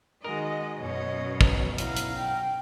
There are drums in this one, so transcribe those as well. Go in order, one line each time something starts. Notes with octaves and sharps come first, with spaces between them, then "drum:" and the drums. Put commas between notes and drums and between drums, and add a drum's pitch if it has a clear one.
D#3 G#3 F#4 A#4 D#5
F#2 B2 C#5 D#5
B1, drum: kick
E4 F5 F#5 A#5, drum: hi-hat
drum: hi-hat
G5